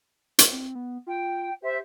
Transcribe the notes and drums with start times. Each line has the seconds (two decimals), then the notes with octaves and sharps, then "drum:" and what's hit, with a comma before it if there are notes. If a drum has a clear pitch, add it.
0.39 drum: hi-hat
0.51 C4
0.75 B3
1.07 F4 G5
1.62 G4 C5 E5